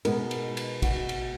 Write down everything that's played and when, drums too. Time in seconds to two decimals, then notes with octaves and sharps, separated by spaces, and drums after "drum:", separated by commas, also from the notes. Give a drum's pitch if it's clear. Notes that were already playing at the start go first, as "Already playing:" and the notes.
0.05 B2 G#3 B3 D#4 A#4, drum: cymbal
0.31 drum: cymbal
0.57 drum: cymbal
0.82 F#4, drum: kick, cymbal
1.09 drum: cymbal